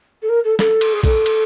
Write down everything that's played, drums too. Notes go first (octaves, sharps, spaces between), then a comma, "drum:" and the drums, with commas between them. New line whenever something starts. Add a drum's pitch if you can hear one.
A4
A#4
A4
A4, drum: snare
drum: cymbal
G#4
A4, drum: kick, cymbal
drum: cymbal